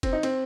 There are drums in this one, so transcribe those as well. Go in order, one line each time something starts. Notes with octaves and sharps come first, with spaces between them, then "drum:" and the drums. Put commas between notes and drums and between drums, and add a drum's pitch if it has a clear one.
C4, drum: kick F1, cymbal
D#4
C4, drum: cymbal